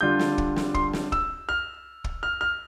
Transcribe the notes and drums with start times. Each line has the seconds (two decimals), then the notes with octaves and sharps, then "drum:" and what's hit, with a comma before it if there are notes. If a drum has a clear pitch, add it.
0.01 D3 G3 D4 F4 G6
0.19 drum: snare
0.38 drum: kick
0.56 drum: snare
0.75 C6, drum: kick
0.93 drum: snare
1.12 E6, drum: kick
1.49 F6
2.04 drum: kick
2.23 F6
2.41 F6